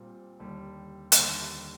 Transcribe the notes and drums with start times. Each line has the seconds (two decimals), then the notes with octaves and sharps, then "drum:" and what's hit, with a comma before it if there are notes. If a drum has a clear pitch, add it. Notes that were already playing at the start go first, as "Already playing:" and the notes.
Already playing: A#2 G3 C4
0.39 D#2 D3 G3
1.12 D#2 D3 G3, drum: hi-hat